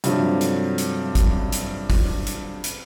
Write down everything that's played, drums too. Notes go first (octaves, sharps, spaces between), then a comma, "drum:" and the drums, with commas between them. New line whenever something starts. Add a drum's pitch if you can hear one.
G2 C3 F3 F#3 A3, drum: hi-hat
drum: hi-hat
drum: hi-hat
drum: kick, hi-hat
drum: hi-hat
drum: kick, open hi-hat
drum: hi-hat
drum: hi-hat